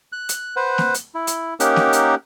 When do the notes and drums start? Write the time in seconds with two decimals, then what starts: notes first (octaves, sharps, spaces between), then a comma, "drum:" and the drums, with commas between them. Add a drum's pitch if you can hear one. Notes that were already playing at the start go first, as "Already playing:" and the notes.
0.12 F#6
0.29 drum: hi-hat
0.56 B4 C5 F#5
0.78 drum: snare A#3
0.94 drum: hi-hat
1.15 E4
1.27 drum: hi-hat
1.60 A#3 C#4 D#4 G4 A#4 F#5, drum: hi-hat
1.76 drum: snare A#3
1.93 drum: hi-hat